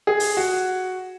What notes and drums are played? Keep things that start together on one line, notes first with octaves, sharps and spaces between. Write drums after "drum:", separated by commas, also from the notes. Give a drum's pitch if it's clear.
G#4
drum: open hi-hat
F#4